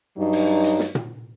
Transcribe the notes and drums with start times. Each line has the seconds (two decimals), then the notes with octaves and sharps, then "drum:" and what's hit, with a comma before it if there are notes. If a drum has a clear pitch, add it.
0.17 G2 F#3 D#4
0.33 drum: open hi-hat
0.64 drum: hi-hat
0.79 drum: snare
0.95 drum: tom A#2